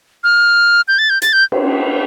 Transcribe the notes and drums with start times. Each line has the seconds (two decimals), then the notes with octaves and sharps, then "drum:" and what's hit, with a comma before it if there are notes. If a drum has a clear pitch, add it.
0.24 F6
0.88 G6
0.99 A6
1.10 G6
1.22 A6, drum: hi-hat
1.33 G6
1.52 drum: cymbal